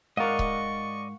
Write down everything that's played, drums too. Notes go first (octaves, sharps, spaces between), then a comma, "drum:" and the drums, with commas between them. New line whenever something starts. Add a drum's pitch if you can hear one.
G#2 A#4 D5 D#5 F5 F#5 C#6
drum: kick C#1